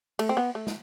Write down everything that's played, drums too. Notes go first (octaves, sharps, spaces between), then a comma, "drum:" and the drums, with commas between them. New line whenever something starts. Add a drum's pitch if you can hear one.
A3, drum: cymbal
C4
B3
A3
drum: snare